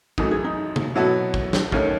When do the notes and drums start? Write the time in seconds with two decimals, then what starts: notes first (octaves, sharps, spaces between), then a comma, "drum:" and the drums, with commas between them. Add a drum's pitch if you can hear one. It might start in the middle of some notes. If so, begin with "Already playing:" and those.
0.18 F#2 E3 A3 D#4, drum: kick
0.31 G#4
0.44 D#4
0.76 drum: tom C3
0.95 B2 F#3 B3 E4 F#4 A4
1.34 drum: kick
1.53 drum: snare
1.72 D#2 D#3 A3 C#4, drum: kick